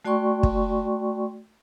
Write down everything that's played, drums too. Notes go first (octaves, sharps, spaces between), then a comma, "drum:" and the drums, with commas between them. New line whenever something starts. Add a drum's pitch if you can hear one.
A3 F#4 D5 G5 C6 C#6
drum: kick